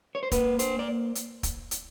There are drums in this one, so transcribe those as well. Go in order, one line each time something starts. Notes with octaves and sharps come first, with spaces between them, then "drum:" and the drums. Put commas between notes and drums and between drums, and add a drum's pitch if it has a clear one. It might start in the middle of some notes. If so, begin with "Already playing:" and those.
C#5
C5
A#3 B4, drum: kick, hi-hat
C5, drum: hi-hat
D5
drum: hi-hat
drum: kick, hi-hat
drum: hi-hat